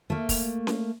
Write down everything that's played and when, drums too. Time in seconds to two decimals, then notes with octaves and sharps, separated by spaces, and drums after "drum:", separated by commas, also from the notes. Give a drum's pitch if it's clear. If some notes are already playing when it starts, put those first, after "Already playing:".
0.10 A3 A#3
0.29 drum: kick, open hi-hat
0.67 drum: snare C#4